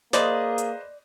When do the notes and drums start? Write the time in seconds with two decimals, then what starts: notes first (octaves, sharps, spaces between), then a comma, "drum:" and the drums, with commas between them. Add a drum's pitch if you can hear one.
0.13 A#3 G#4 B4 C5 D5 D#5, drum: snare
0.58 drum: hi-hat